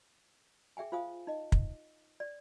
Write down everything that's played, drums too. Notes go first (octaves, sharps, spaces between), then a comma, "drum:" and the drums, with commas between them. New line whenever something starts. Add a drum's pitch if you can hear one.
G#4 E5 G5 G#5
F4 C5 F5 G#5 D#6
D#4 D#5
drum: kick
D5